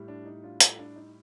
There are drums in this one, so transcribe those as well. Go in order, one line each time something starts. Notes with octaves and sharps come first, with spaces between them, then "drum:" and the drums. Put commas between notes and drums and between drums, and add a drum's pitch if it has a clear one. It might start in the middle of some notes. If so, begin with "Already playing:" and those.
Already playing: A2 G3
D4
D#4
D4 F4
F4 A4, drum: hi-hat
D4
D#4